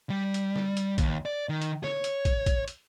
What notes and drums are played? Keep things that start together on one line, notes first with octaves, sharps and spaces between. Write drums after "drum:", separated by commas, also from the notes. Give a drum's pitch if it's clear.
G3
drum: hi-hat
drum: snare
drum: hi-hat
D#2, drum: kick, hi-hat
D5
D#3
drum: hi-hat
C#5, drum: snare
drum: hi-hat
drum: kick, hi-hat
drum: kick, hi-hat
drum: hi-hat